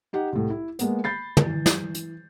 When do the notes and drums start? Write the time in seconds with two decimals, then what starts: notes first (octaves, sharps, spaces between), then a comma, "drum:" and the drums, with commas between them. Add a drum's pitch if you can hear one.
0.13 D#4 G4 F#5
0.33 C2 A2
0.50 E4
0.79 G#3 A#3 B3, drum: hi-hat
1.04 B5 G6 A6 C7
1.37 drum: tom
1.46 E3
1.66 drum: snare
1.95 drum: hi-hat